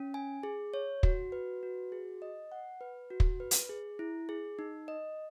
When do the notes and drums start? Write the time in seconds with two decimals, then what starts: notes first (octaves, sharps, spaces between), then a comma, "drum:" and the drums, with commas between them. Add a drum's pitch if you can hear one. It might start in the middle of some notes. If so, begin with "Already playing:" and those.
Already playing: C#4
0.14 G#5
0.43 G#4
0.74 C#5
1.03 F#4, drum: kick
1.32 B4
1.63 F#4
1.92 G#4
2.22 D#5
2.52 F#5
2.81 B4
3.10 F#4
3.20 drum: kick
3.40 B4
3.51 drum: hi-hat
3.69 G#4
3.99 E4
4.29 G#4
4.59 D#4
4.88 D#5